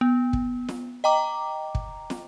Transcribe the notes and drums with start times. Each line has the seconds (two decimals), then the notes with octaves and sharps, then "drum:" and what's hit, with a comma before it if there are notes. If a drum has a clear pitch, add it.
0.01 B3
0.33 drum: kick
0.68 drum: snare
1.04 D#5 G5 A#5 D6
1.75 drum: kick
2.10 drum: snare